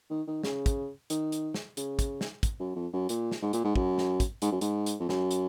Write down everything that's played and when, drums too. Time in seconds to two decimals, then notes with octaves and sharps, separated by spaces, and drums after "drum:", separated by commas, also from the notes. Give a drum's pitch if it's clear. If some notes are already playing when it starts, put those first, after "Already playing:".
0.10 D#3
0.28 D#3
0.43 C#3, drum: snare
0.66 drum: kick, hi-hat
1.10 D#3, drum: hi-hat
1.32 drum: hi-hat
1.54 drum: snare
1.77 C#3, drum: hi-hat
1.99 drum: kick, hi-hat
2.21 drum: snare
2.43 drum: kick, hi-hat
2.60 F#2
2.76 F2
2.93 F#2
3.09 A#2, drum: hi-hat
3.31 drum: snare
3.42 G#2
3.53 A#2, drum: hi-hat
3.64 G#2
3.75 F#2, drum: kick
3.98 drum: snare
4.20 drum: kick, hi-hat
4.42 G#2, drum: hi-hat
4.52 F#2
4.61 G#2, drum: hi-hat
4.86 drum: hi-hat
5.00 F2
5.09 F#2, drum: snare
5.31 drum: hi-hat